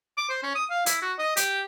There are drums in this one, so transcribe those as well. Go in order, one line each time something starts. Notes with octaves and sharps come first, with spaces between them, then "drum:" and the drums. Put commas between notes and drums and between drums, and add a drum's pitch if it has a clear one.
D6
C5
C#4
D#6
F5
E4, drum: hi-hat
F#4
D#5
G4, drum: hi-hat